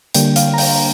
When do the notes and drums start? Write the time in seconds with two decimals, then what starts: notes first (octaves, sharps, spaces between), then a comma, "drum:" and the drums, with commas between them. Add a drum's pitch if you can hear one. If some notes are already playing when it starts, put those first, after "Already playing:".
0.14 D3 G3 A#3 D4 G5, drum: hi-hat
0.36 F5, drum: hi-hat
0.54 A#5
0.58 G5, drum: open hi-hat